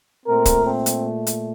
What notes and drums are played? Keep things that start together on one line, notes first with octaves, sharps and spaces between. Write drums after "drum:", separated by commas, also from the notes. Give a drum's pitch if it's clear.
A#2 A3 C4 A#4
drum: kick, hi-hat
C4
drum: hi-hat
drum: hi-hat